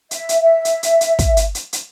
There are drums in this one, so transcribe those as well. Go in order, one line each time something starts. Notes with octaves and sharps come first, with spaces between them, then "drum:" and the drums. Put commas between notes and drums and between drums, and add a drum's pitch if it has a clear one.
E5, drum: hi-hat
drum: hi-hat
E5
drum: hi-hat
drum: hi-hat
drum: hi-hat
drum: kick, hi-hat
drum: hi-hat
drum: hi-hat
drum: hi-hat